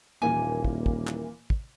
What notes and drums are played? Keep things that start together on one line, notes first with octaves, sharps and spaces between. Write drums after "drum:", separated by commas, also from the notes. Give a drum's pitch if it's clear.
D#1 A#2 E3 A#3 G#5
drum: kick
drum: kick
drum: clap
drum: kick